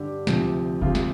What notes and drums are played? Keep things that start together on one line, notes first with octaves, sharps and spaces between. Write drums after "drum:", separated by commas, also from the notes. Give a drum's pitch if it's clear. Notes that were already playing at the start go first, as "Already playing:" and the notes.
Already playing: G2 D3 G4
D2 C3 F3, drum: snare
D2 C3 F3 F4, drum: kick F#1
drum: snare